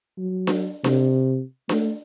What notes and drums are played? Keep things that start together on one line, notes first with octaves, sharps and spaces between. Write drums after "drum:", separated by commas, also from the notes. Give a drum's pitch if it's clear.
F#3
drum: snare D4
C3, drum: snare D4
A3, drum: snare D4